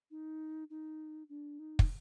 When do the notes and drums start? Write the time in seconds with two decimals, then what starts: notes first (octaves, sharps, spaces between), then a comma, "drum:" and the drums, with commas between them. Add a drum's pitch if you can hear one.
0.11 D#4
0.70 D#4
1.29 D4
1.59 D#4
1.79 drum: kick